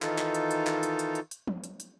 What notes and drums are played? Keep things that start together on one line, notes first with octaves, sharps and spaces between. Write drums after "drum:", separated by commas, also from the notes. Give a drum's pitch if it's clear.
D#3 E3 D#4 F4 A4, drum: clap
drum: clap
drum: hi-hat
drum: hi-hat
drum: clap
drum: hi-hat
drum: hi-hat
drum: hi-hat
drum: hi-hat
drum: tom F3
drum: hi-hat
drum: hi-hat